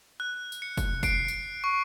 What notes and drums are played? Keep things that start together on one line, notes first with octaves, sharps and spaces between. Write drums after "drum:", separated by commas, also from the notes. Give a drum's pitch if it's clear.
F#6
drum: tambourine
C#7
drum: kick, tambourine
C7 D7, drum: kick, tambourine
drum: tambourine
C#6